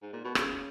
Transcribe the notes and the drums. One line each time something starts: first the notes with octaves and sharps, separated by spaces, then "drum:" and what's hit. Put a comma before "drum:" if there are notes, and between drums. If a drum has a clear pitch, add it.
G#2
A#2
B2
C#3, drum: rim click